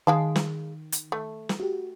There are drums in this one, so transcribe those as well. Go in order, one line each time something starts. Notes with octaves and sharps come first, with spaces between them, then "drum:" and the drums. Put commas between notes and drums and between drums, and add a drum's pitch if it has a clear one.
D#3 G#3 F5 A5
drum: snare
drum: hi-hat
A3
drum: snare
F#4 G4